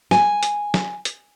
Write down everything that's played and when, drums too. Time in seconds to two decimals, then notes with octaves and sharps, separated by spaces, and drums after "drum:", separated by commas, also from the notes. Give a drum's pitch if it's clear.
0.11 G#5, drum: snare
0.43 drum: hi-hat
0.74 drum: snare
1.05 drum: hi-hat